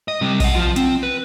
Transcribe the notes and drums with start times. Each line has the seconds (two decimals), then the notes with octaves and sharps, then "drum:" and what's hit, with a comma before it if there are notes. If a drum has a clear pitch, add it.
0.08 D#5
0.21 C3 G3
0.40 D#5 F#5, drum: kick A#1, open hi-hat
0.55 F3 F4
0.76 C4, drum: hi-hat
1.03 B4